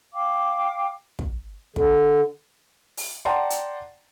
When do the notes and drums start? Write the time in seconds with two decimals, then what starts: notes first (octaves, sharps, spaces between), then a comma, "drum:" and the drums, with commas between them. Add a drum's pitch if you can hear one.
0.14 F5 G5 D6
1.19 drum: kick
1.76 D3, drum: kick
2.97 drum: open hi-hat
3.25 D5 F#5 G5 A5 A#5 C6
3.50 drum: hi-hat